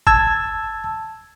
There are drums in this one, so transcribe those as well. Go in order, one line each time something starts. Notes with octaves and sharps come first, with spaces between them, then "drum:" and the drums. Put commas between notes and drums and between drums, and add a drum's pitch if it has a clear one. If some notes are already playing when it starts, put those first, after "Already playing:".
A5 E6 G#6, drum: kick F#1